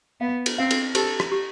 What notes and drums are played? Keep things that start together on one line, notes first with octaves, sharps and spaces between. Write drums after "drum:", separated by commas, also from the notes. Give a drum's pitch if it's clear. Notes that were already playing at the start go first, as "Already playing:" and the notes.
B3 F5
drum: cymbal
C4 F5
drum: cymbal
G4 A4, drum: cymbal
drum: rim click
G4